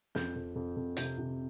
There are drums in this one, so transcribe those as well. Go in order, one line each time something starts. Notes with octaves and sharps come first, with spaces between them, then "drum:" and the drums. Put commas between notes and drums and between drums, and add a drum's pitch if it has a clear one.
F2 G6, drum: snare
F2
F2
F2
C3 G6, drum: hi-hat
C3